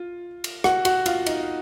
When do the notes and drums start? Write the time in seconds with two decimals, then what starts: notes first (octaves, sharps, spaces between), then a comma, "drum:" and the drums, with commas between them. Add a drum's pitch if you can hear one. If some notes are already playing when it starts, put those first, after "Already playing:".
Already playing: F4
0.44 drum: cymbal
0.64 F#4 F#5, drum: rim click
0.85 F#4 F#5, drum: cymbal
1.06 F4 F5, drum: cymbal
1.26 D#4 D#5, drum: cymbal